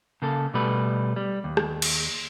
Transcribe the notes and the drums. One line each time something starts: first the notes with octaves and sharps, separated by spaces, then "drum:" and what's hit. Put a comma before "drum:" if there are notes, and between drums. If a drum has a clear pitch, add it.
C#3 A#3 A4
B2 G3 A3 B4
G3
D#2
drum: rim click
drum: cymbal